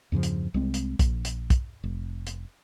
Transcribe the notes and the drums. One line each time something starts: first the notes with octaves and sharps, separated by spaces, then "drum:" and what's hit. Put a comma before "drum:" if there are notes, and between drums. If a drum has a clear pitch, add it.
E2 G2 C#3 F3
drum: hi-hat
C2 G#3 C4
drum: hi-hat
A#1, drum: kick, hi-hat
drum: hi-hat
drum: kick, hi-hat
F1
drum: hi-hat